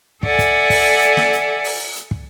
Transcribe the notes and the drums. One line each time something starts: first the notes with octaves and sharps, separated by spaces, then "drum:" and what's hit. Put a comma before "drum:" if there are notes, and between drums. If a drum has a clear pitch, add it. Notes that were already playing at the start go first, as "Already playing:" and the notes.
A4 D5 E5 F#5 G#5, drum: kick
drum: kick, hi-hat
drum: kick, open hi-hat
drum: hi-hat
drum: snare
drum: hi-hat
drum: open hi-hat
drum: hi-hat
drum: kick